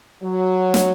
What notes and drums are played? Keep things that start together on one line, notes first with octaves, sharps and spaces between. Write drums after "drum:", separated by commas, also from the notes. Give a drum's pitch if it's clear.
F#3
drum: snare